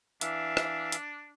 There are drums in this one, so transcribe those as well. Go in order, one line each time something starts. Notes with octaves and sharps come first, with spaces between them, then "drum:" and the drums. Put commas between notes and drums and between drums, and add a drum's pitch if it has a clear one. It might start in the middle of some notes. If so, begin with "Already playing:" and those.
E3 D4 E5 F5, drum: hi-hat
drum: rim click
drum: hi-hat